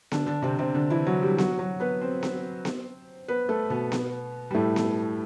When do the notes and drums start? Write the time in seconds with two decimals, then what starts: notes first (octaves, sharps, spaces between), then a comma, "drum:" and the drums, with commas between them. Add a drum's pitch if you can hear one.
0.12 D3 D4, drum: snare B3
0.27 D3 D4
0.42 C3 C4
0.59 C3 C4
0.75 D3 D4
0.90 E3 E4
1.07 F#3 F#4
1.22 G3 G4
1.38 F#3 F#4, drum: snare B3
1.59 F#3 F#4
1.80 B3 B4
2.01 C4 C5
2.23 drum: snare B3
2.65 drum: snare B3
3.28 B3 B4
3.49 A3 A4
3.70 B2 B3
3.92 drum: snare B3
4.51 G3
4.55 A2 A3
4.76 drum: snare B3